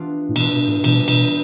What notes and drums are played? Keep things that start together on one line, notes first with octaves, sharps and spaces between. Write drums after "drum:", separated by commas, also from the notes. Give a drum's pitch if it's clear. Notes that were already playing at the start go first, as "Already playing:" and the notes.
Already playing: E3 B3 D4 F4 G4
A2
B2 E3 B3 D4 F4, drum: cymbal
B2
A2
B2 E3 G3 D4, drum: cymbal
B2, drum: cymbal